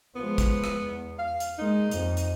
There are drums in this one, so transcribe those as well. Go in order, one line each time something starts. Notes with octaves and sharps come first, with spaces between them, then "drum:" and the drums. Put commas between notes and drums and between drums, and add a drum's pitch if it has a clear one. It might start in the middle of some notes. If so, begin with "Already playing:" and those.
F3 G#3 B3
drum: kick, hi-hat
drum: rim click
E2
F5
drum: hi-hat
G#3 A#3 D#4
F2, drum: hi-hat
drum: hi-hat